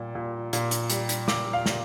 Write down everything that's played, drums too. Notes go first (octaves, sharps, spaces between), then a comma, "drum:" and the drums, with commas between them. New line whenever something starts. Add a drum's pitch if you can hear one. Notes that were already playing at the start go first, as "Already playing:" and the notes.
Already playing: A#2 G3
A#2
A#2, drum: hi-hat
drum: hi-hat
G3, drum: hi-hat
drum: hi-hat
A#2 D6, drum: snare
F5
A#2, drum: snare